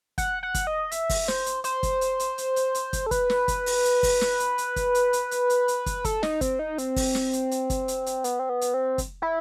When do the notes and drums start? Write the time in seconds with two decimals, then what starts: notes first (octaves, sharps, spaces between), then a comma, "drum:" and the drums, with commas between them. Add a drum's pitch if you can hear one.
0.18 F#5, drum: kick, hi-hat
0.43 F#5
0.54 drum: kick, hi-hat
0.67 D#5
0.91 E5, drum: hi-hat
1.10 drum: kick, open hi-hat
1.28 C5, drum: snare
1.46 drum: hi-hat
1.64 C5, drum: hi-hat
1.83 drum: kick, hi-hat
2.01 drum: hi-hat
2.20 drum: hi-hat
2.38 drum: hi-hat
2.56 drum: hi-hat
2.75 drum: hi-hat
2.93 drum: kick, hi-hat
3.06 A4
3.11 B4, drum: kick, hi-hat
3.30 drum: snare
3.48 drum: kick, hi-hat
3.66 drum: open hi-hat
3.85 drum: hi-hat
4.03 drum: kick, open hi-hat
4.21 drum: snare
4.40 drum: hi-hat
4.58 drum: hi-hat
4.76 drum: kick, hi-hat
4.95 drum: hi-hat
5.13 drum: hi-hat
5.31 drum: hi-hat
5.50 drum: hi-hat
5.68 drum: hi-hat
5.86 drum: kick, hi-hat
6.05 A4, drum: kick, hi-hat
6.23 D#4, drum: snare
6.41 C4, drum: kick, hi-hat
6.59 D#4
6.78 C4, drum: hi-hat
6.96 drum: kick, open hi-hat
7.15 drum: snare
7.33 drum: hi-hat
7.51 drum: hi-hat
7.70 drum: kick, hi-hat
7.88 drum: hi-hat
8.06 drum: hi-hat
8.24 B3, drum: hi-hat
8.39 C4
8.49 B3
8.61 drum: hi-hat
8.74 C4
8.98 drum: kick, hi-hat
9.22 E4